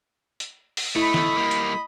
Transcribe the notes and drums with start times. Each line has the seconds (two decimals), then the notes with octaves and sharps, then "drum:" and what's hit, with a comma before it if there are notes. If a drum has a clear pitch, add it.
0.40 drum: hi-hat
0.77 drum: open hi-hat
0.96 A3 E4 D#5 B5
1.14 drum: snare
1.37 G3 A#3
1.51 drum: hi-hat